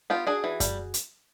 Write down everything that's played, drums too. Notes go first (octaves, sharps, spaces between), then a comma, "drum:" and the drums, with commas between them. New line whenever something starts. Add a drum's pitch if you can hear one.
B3 F4 G4
D4 F#4 G#4
E3
G3, drum: kick F#2, hi-hat
drum: hi-hat